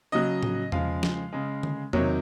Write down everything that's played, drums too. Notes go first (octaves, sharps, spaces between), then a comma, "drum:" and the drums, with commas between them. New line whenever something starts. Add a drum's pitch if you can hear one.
C#3 F#3 D#5
drum: tom A2
C#3 F3 G#3 F5, drum: tom E2
drum: snare
C#3 G#3
drum: tom D3
C3 D#3 F#3 C#5, drum: tom E2